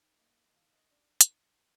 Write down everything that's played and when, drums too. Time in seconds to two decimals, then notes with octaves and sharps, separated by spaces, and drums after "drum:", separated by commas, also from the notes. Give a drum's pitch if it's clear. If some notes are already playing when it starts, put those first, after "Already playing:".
Already playing: D#3
0.19 A#3 D#5
0.48 D#5
0.54 D#3 F5
0.73 D#5
0.91 D4 D5
1.21 drum: hi-hat